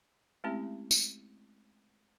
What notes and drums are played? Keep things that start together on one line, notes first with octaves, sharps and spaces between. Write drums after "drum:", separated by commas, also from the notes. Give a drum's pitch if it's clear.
G#3 A3 C4 C#4 E4 G4
drum: tambourine